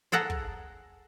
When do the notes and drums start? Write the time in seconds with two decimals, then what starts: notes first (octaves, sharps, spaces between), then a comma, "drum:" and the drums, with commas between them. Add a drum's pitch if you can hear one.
0.12 G#4 A4 F#5 A#5
0.30 drum: kick